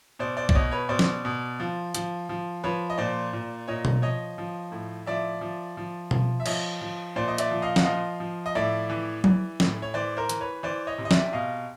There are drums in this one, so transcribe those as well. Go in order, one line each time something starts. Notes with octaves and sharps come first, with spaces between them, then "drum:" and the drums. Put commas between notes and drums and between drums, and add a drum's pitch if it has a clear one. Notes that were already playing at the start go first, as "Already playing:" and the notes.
B2 C5 D5
C5 D5
D5, drum: kick
B2 C#5 D#5
B4 C#5
B2 C5 D5
drum: snare
B2
F3
F3, drum: hi-hat
F3
F3 B4 C#5
D#5
A#2 C5 D5
A#2
A#2 C#5 D#5
drum: tom B2
F3 C#5 D#5
F3
A2
F3 D5 E5
F3
F3
F3, drum: tom B2
E5
F3 C#5 D#5, drum: cymbal
F3
A#2 C5 D5
D#5
D5 E5, drum: hi-hat
F3
D#5 F5
F#5, drum: snare
F3 D#5 F5
F3
D#5
A2 D5 E5
E3
E3, drum: tom F#3
A2, drum: snare
C#5
E3 C5 D5
A#4 C5
E3, drum: hi-hat
B4 C#5
E3 C5 D5
C#5 D#5
C3
D#5
D5 E5, drum: snare
B2 D#5 F5